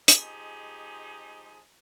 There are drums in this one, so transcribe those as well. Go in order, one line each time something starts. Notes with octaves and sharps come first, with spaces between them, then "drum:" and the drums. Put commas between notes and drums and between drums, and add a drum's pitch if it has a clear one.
F3 G#3 D#4 G4 G#4, drum: hi-hat